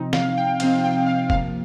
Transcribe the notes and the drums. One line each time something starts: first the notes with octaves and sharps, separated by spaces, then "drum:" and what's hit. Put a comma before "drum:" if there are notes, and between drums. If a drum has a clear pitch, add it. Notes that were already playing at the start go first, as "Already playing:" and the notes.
Already playing: C3 F3 C4 D#4
F5, drum: snare
G5
C3 F3 C4 D#4 F5, drum: cymbal
G5
F5
C3 F3 A#3 F5, drum: kick F#1